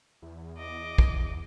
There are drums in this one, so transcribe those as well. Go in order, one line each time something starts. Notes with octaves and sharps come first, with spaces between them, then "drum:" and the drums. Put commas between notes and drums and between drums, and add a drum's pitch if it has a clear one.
E2
D#5 D6
drum: kick
E2